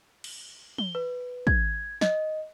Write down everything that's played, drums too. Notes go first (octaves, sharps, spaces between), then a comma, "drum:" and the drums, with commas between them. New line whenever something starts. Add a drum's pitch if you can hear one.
drum: cymbal
G7, drum: tom
B4
G#6, drum: kick
D#5, drum: snare